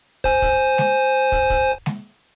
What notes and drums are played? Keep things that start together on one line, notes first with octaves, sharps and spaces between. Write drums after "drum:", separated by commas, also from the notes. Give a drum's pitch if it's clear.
C5 G#5, drum: kick
drum: kick
drum: snare G#3
drum: kick
drum: kick
drum: snare G#3